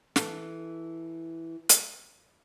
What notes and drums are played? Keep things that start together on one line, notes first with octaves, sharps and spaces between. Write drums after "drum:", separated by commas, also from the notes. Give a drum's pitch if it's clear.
E3 A4, drum: snare
drum: hi-hat